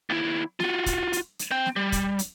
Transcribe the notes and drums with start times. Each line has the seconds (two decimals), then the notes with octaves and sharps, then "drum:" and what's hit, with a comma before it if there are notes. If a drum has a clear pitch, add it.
0.10 D#2 E4
0.60 F4 F#4, drum: snare
0.86 drum: kick, hi-hat
1.13 drum: hi-hat
1.39 drum: hi-hat
1.51 C4 G5
1.66 drum: snare
1.76 G3
1.92 drum: kick, hi-hat
2.19 drum: hi-hat